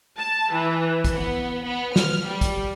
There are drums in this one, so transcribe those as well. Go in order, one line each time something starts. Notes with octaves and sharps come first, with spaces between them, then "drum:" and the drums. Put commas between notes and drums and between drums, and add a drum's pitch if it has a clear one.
A5
E3
drum: kick, hi-hat
B3
B3
F6, drum: snare
G3
drum: kick, hi-hat